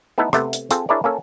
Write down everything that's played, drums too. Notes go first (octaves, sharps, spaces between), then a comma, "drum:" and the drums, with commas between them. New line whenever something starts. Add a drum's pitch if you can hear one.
A3 B3 D#4 E4 A4
C3 A3 B3, drum: rim click
drum: hi-hat
C4 F4 G#4 A4, drum: hi-hat
D4 E4 G#4 A#4 C#5 D5
A#3 C#4 A4